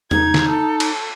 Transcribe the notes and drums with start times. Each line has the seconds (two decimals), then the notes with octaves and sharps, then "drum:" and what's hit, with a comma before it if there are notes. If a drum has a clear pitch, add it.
0.11 D#4 G#6, drum: tom E2
0.34 drum: snare
0.48 A4
0.80 drum: cymbal